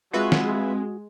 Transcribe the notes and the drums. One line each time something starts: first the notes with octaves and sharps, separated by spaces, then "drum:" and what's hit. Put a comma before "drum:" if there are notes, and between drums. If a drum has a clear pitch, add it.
G#3 C4 F4 F#4 B4 E5
drum: snare